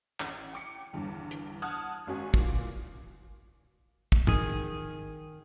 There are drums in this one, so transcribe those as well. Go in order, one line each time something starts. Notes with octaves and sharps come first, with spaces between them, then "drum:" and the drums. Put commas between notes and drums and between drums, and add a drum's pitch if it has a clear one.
A1 F#5, drum: clap
G5 D6 C#7
G1 E2 G2
drum: hi-hat
F#5 A5 D#6 F6 F#6 G#6
G#1 C#4 F#4 G#5
A#2 E3, drum: kick
drum: kick
D#3 G#4, drum: tom